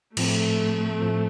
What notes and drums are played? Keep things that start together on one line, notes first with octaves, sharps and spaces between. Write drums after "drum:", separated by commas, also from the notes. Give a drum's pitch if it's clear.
A2 F3 A3 C4, drum: cymbal
A2 F3 C4